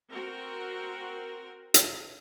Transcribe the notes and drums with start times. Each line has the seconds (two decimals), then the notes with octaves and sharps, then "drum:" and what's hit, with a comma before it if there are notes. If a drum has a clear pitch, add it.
0.10 C4 F#4 A#4
1.74 drum: hi-hat